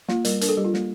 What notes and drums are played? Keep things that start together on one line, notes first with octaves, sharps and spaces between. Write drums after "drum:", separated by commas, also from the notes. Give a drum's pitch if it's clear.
A#3 F4, drum: snare
G3 A#4, drum: hi-hat
D4 A#4, drum: hi-hat
A4
G3 G4
F4
A#3, drum: snare